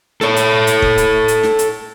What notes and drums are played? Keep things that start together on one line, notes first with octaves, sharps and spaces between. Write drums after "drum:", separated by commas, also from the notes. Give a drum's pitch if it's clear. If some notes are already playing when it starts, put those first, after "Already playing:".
A4 C#5, drum: snare
drum: hi-hat
drum: hi-hat
drum: kick
drum: hi-hat
drum: hi-hat
drum: snare
drum: hi-hat